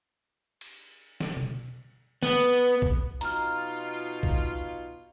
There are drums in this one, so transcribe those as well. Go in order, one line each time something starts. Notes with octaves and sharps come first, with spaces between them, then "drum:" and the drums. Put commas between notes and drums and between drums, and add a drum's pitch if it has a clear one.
drum: cymbal
drum: snare
drum: tom B2
B3, drum: snare
drum: kick B1
B2 D#4 F4 A#5 F6, drum: hi-hat
drum: kick B1